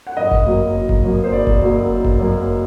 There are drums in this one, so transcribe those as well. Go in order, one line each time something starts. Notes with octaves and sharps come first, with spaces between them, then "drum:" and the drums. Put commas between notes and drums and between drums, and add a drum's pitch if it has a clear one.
F#5
F#1 D#5
drum: kick G1
F#2 F#3 A#3
F#1
drum: kick G1
F#2 F#3 A#3
C5
F#1 D5
drum: kick G1
F#2 F#3 A#3
F#1
drum: kick G1
F#2 F#3 A#3